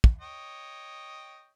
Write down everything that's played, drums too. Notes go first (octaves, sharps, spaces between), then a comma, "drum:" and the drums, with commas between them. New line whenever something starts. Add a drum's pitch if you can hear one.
drum: kick
C#5 D#5 G5